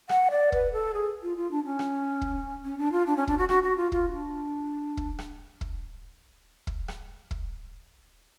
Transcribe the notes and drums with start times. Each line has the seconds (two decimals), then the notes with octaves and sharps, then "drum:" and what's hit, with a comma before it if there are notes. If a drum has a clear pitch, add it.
0.09 F#5, drum: rim click
0.31 D5
0.52 B4, drum: kick
0.73 A4
0.94 G#4
1.23 F4
1.37 F4
1.51 D4
1.65 C#4
1.79 drum: rim click
2.21 drum: kick
2.64 C#4
2.78 D4
2.92 F4
3.06 D4
3.17 C#4
3.27 D4, drum: kick
3.38 F#4
3.49 F#4, drum: rim click
3.63 F#4
3.77 F4
3.92 F4, drum: kick
4.13 D4
4.97 drum: kick
5.19 drum: rim click
5.61 drum: kick
6.67 drum: kick
6.88 drum: rim click
7.31 drum: kick